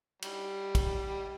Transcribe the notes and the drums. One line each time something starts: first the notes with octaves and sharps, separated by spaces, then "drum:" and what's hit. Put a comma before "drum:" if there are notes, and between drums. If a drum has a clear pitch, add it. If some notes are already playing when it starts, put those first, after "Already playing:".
G3, drum: cymbal
drum: kick, cymbal